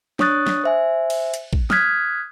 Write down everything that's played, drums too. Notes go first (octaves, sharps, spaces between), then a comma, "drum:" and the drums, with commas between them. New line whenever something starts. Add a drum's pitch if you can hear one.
D4 C#5 C#6 D#6 F#6 A6, drum: snare
drum: snare
C5 E5 G#5
drum: cymbal
drum: hi-hat
drum: kick A1
D#6 F6 F#6 G#6 B6, drum: snare